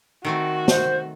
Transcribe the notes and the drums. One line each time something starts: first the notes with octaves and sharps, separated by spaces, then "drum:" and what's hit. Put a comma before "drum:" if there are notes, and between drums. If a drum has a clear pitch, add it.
D#3 A3 C4 F#4
C5, drum: snare